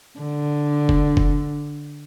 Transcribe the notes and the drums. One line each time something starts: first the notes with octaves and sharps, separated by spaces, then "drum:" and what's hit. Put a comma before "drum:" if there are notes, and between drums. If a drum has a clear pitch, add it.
D3
drum: kick
drum: kick